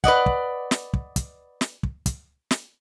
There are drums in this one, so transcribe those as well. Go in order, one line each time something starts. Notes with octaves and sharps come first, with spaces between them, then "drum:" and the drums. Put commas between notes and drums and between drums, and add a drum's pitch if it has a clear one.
B4 D5 D#5 F#5, drum: kick
drum: kick
drum: snare
drum: kick
drum: kick, hi-hat
drum: snare
drum: kick
drum: kick, hi-hat
drum: snare